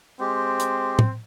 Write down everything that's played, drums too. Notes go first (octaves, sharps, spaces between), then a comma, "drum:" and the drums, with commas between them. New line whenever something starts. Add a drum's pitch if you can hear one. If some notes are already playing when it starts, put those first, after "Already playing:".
G#3 C4 G4
drum: hi-hat
drum: tom